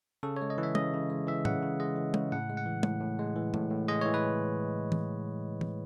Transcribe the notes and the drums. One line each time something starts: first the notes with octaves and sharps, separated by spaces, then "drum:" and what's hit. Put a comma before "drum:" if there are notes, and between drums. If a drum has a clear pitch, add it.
C#3 A4
G#3 C#5
D#5
E3
E5
C#3 D#5, drum: tom
C#3
G#3
E3 E5
C#3 F#5, drum: tom A2
C#3
G#3 D#5
E3
C#3, drum: tom
A2 F#5
G#3
F#5
E3
A2, drum: tom
A2
G#3
E3
A2, drum: tom A2
A2
G#3 D#5
E3 C#5
B4
drum: tom
drum: tom